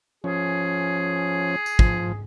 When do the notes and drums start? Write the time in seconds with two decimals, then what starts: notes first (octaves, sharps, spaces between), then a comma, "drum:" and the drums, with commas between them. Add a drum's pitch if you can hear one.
0.24 F3 C#4 G#4
1.66 drum: tambourine
1.79 F3, drum: kick